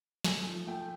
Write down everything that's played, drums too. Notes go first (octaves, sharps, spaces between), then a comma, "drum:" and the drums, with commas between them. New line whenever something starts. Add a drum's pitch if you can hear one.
A3 G#5, drum: snare
F3
A3 G5